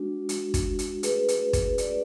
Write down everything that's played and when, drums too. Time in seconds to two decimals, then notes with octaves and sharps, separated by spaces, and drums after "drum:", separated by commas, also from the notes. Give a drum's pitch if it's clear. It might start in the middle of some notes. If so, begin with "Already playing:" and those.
Already playing: G#3 D4 F#4
0.29 G#3 D4 F#4, drum: hi-hat
0.54 drum: kick, hi-hat
0.79 drum: hi-hat
1.03 A3 D4 F#4 G#4 B4, drum: hi-hat
1.28 drum: hi-hat
1.53 drum: kick, hi-hat
1.78 A3 D4 F#4 B4 D5, drum: hi-hat